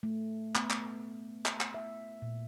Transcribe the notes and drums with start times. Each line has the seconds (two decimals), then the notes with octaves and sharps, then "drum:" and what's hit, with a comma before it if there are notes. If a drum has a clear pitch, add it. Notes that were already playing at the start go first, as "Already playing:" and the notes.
0.03 A3
0.55 B3, drum: clap
0.70 drum: clap
1.46 drum: clap
1.61 drum: clap
1.74 E5
2.22 A#2